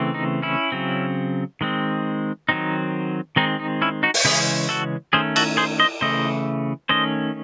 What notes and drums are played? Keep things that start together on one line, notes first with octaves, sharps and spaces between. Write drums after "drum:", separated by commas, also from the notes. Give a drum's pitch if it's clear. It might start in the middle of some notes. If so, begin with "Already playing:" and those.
Already playing: C#3 E3 A3 C4
D#4
C#4 E4
C#3 F#3 C4
D#3 G#3 C4
D#3 F#3 C4 D#4
D#3 G#3 C4 D#4
D#4
C#4 E4
D#4 F#4
drum: open hi-hat
C#3 E3 G#3 C#4 E4 G#4
F#4 A4
D#3 A3 C#4 G#4 C5
F#4 A4, drum: cymbal
G#4 C5
C5 D#5
C#3 E3 A3 C5 D#5
D#3 A3 C#4 C5 D#5